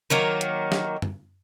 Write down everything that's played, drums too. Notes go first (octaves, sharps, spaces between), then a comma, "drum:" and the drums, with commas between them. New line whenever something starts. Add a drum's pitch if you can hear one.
D#3 F#3 A#3
drum: hi-hat
drum: snare
drum: tom F#2